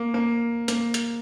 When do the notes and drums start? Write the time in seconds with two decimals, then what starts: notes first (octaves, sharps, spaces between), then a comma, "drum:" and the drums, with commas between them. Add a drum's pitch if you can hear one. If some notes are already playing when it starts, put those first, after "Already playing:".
Already playing: A#3
0.14 A#3
0.68 A#3, drum: hi-hat
0.94 drum: hi-hat